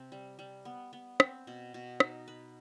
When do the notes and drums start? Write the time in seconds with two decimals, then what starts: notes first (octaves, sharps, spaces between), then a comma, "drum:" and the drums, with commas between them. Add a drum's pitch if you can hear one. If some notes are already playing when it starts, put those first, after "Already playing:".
Already playing: C3 C4
0.12 G3
0.39 G3
0.65 B3
0.93 B3
1.20 C4, drum: rim click
1.47 B2
1.74 B2
2.00 D#4, drum: rim click
2.28 B4